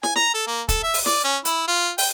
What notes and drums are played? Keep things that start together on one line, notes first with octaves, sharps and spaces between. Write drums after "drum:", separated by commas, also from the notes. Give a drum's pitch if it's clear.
G#5, drum: snare
A#5, drum: snare
A4
A#3
A4, drum: kick, hi-hat
E5
drum: open hi-hat
D5, drum: snare
C#4
E4, drum: hi-hat
F4
G5, drum: open hi-hat